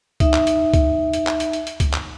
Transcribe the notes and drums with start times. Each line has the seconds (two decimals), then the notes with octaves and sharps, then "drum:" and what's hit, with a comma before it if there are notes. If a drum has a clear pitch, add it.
0.20 D#4 E5, drum: kick C#2, hi-hat
0.34 drum: clap
0.47 drum: hi-hat
0.74 drum: kick C#2, hi-hat
1.13 drum: hi-hat
1.27 drum: clap
1.40 drum: hi-hat
1.53 drum: hi-hat
1.67 drum: hi-hat
1.80 drum: kick C#2, hi-hat
1.93 drum: clap